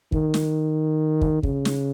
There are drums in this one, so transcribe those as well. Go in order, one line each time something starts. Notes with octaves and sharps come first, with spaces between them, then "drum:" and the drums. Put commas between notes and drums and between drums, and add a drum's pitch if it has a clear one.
D#3, drum: kick
drum: snare
drum: kick
C#3, drum: kick
drum: snare